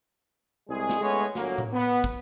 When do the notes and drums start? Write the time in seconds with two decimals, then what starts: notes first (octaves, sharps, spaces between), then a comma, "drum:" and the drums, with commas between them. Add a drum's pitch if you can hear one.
0.69 C2 G#3 G#4
0.90 drum: snare
1.01 G#3 A3 B3 C#4 C#5
1.35 G1 F#3 A#3, drum: snare
1.58 drum: tom A2
1.73 B3
2.04 drum: kick